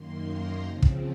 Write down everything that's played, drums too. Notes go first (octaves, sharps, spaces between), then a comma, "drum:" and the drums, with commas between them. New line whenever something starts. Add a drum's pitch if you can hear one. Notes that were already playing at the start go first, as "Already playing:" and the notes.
Already playing: F#2 D#3 A#3 C6
A#5
C#3 F3 C4
drum: kick